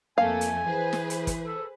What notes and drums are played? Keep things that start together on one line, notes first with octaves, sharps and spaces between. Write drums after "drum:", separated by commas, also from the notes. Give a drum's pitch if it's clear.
F2 A3 A#3 F5 G#5
drum: hi-hat
E3 G#4 B4 C5
drum: snare
drum: hi-hat
drum: kick, hi-hat
A4